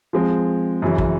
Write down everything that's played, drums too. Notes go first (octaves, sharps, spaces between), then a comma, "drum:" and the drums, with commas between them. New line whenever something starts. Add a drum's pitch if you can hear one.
F3 G#3 C4
F#2 C#3 E3
drum: kick